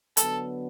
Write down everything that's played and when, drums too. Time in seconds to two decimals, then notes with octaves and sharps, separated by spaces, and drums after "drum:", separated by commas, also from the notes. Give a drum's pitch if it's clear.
0.17 D3 F#3 B3 A4, drum: hi-hat